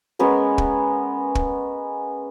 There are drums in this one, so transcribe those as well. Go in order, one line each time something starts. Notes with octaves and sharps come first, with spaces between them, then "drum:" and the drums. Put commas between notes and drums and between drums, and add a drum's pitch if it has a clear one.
G#3 B3 C#4 A#4
drum: kick
drum: kick